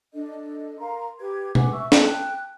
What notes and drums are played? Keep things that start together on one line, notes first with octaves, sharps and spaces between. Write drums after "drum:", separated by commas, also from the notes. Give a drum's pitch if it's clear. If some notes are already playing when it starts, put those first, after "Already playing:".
D4 A4 D#5
A#4 F5 A#5 C6
G4 B4 G#6
B4 F#5 G#5 D6, drum: tom B2
E5 C#6 E6
G5 A5 F#6, drum: snare